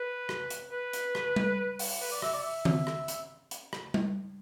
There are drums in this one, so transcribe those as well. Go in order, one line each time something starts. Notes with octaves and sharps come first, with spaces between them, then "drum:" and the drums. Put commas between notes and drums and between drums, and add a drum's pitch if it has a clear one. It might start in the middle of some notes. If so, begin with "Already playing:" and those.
Already playing: B4
drum: rim click
drum: hi-hat
B4
drum: hi-hat
drum: rim click
drum: tom G3
drum: open hi-hat
B4
D5
E5, drum: rim click
D5
E5
drum: tom D#3
drum: rim click
drum: hi-hat
drum: hi-hat
drum: rim click
drum: tom G3